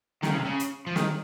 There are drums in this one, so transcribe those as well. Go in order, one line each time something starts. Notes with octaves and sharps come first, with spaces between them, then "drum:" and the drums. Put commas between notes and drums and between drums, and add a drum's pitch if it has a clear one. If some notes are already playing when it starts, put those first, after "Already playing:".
D#3, drum: snare
C#3
C3
C#3
drum: hi-hat
F3
D#3, drum: snare